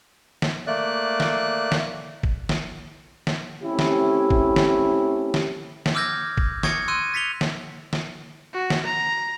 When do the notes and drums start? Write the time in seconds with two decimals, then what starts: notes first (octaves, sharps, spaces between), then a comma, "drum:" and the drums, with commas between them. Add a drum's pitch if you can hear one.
0.42 drum: snare
0.67 A3 A#3 D5 F#6
1.20 drum: snare
1.72 drum: snare
2.23 drum: kick
2.49 drum: snare
3.27 drum: snare
3.62 A3 C4 C#4 E4 G4
3.79 drum: snare
4.30 drum: kick
4.56 drum: snare
5.34 drum: snare
5.86 drum: snare
5.95 D6 E6 F6 G6 G#6 A#6
6.37 drum: kick
6.63 C#6 D#6 G#6 A#6 C#7, drum: snare
6.88 C6 C#6 E6 F#6 D#7
7.14 A6 B6 C#7 F7 G7
7.41 drum: snare
7.93 drum: snare
8.53 F#4
8.70 drum: snare
8.84 A#5